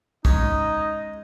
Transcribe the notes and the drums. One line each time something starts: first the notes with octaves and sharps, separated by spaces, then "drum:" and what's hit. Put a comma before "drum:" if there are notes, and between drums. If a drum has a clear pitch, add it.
G#3 C#4 D#4 D#5, drum: kick